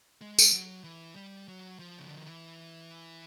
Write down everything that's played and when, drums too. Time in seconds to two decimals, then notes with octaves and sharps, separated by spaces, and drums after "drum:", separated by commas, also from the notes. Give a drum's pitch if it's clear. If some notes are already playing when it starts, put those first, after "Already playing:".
0.21 G#3
0.39 drum: tambourine
0.53 F#3
0.84 E3
1.16 G3
1.48 F#3
1.79 F3
1.98 C#3
2.08 D3
2.17 D#3
2.27 E3